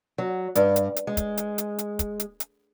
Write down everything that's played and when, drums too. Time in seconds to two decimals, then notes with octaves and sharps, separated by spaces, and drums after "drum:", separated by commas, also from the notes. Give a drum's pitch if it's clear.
0.18 F#3
0.55 G2, drum: hi-hat
0.76 drum: hi-hat
0.96 drum: hi-hat
1.07 G#3
1.17 drum: kick, hi-hat
1.37 drum: hi-hat
1.58 drum: hi-hat
1.79 drum: hi-hat
1.99 drum: kick, hi-hat
2.20 drum: hi-hat
2.40 drum: hi-hat